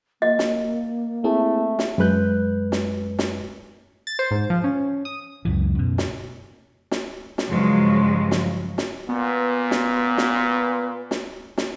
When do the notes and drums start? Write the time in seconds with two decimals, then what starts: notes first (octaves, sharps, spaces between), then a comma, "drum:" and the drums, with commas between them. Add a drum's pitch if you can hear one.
0.22 A#3 D#5
0.39 drum: snare
1.24 A3 C4 E4 G#4
1.79 drum: snare
1.98 F#2 G#3 B4 F#6 G6
2.72 drum: snare
3.19 drum: snare
4.07 A6
4.19 C5
4.31 G#2
4.50 F3
4.64 C#4
5.05 D#6
5.45 C#2 F#2 E3
5.75 F#2 B2
5.98 drum: snare
6.91 drum: snare
7.38 drum: snare
7.48 G2 C#3 F3 F#3 G#3
8.31 drum: snare
8.78 drum: snare
9.09 A#2 B3
9.71 drum: snare
10.18 drum: snare
11.11 drum: snare
11.58 drum: snare